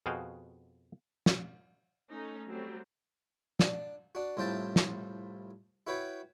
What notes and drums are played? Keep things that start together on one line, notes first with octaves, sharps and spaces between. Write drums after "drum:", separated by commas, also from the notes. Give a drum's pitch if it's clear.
F2 B2 F#4 G#4 F5 G5
drum: snare
A3 C#4 D#4
F#3 G3 A3 C4
D4, drum: snare
D4 F#4
C2 A2 F3 C5 G5 A5
drum: snare
E4 F#4 B4 C#5 G5